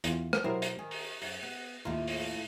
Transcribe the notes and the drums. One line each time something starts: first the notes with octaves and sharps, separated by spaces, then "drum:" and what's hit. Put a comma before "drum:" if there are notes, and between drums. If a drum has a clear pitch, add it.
E2 F4, drum: hi-hat
drum: rim click
B2 F#3 E4 G4 A#4 C5
drum: hi-hat
D#3 G#5
drum: open hi-hat
F#2, drum: open hi-hat
B3
D#2 A2 E4 F4 A#5
drum: open hi-hat